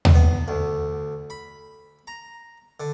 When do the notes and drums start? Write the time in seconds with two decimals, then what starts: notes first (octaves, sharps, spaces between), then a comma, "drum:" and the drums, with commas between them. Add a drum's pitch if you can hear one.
0.05 drum: tom D#2
0.15 B3
0.48 D2
1.30 B5
2.07 A#5
2.80 D3